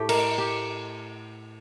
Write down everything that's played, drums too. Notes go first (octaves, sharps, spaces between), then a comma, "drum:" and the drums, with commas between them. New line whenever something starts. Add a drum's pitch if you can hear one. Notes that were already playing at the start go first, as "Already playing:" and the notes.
Already playing: A2 A3 G4
A#4, drum: cymbal
G4